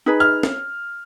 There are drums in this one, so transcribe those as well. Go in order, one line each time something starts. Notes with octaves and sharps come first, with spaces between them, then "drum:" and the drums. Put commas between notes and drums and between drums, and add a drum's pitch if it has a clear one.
D#4 G#4 B4
F6
drum: snare